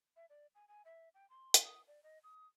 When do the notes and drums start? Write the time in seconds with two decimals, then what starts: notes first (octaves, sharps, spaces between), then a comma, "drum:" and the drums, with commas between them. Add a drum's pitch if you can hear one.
0.16 E5
0.30 D5
0.55 G#5
0.68 G#5
0.85 E5
1.15 G5
1.30 C6
1.54 drum: hi-hat
1.64 D#6
1.87 D5
2.03 D#5
2.24 D#6